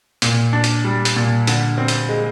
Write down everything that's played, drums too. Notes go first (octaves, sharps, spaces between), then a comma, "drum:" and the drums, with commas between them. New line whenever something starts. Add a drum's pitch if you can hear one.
A#2, drum: hi-hat
D4
drum: hi-hat
G3
drum: hi-hat
A#2
D3, drum: hi-hat
C4
drum: hi-hat
G#3